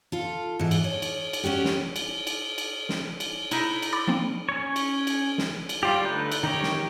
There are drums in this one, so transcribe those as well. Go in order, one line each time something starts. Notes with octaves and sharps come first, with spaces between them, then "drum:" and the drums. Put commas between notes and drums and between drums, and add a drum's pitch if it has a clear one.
F4 A4
G#2 E3
drum: cymbal
C#5
drum: cymbal
drum: cymbal
C#4 D4 F#4 G4
drum: snare
drum: cymbal
drum: cymbal
drum: cymbal
drum: snare
drum: cymbal
D#4 E4, drum: cymbal
drum: cymbal
B5 D6 A6
F3 A#3 C4
C#4 C#5
drum: cymbal
drum: cymbal
drum: snare
drum: cymbal
G3 F4 G4
D3 A3 D#4 B4 G6
drum: cymbal
D#3 D#4 G4 C#5
drum: snare